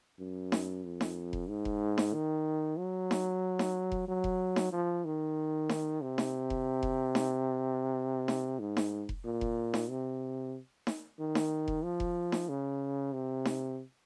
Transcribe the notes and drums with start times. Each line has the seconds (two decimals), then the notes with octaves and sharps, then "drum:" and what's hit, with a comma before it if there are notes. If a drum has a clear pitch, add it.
0.19 F#2
0.52 drum: snare D#4
0.84 F2
1.01 drum: snare D#4
1.33 drum: kick F1
1.49 G#2
1.65 drum: kick F1
1.98 drum: snare D#4
2.14 D#3
2.79 F#3
3.11 drum: snare D#4
3.59 drum: snare D#4
3.92 drum: kick F1
4.08 F#3
4.24 drum: kick F1
4.56 drum: snare D#4
4.73 F3
5.05 D#3
5.69 drum: snare D#4
6.01 C3
6.18 drum: snare D#4
6.50 drum: kick F1
6.83 drum: kick F1
7.15 drum: snare D#4
8.28 drum: snare D#4
8.60 G#2
8.77 drum: snare D#4
9.09 drum: kick F1
9.25 A#2
9.41 drum: kick F1
9.74 drum: snare D#4
9.90 C3
10.87 drum: snare D#4
11.19 D#3
11.35 drum: snare D#4
11.68 drum: kick F1
11.83 F3
12.00 drum: kick F1
12.32 drum: snare D#4
12.49 C#3
13.13 C3
13.45 drum: snare D#4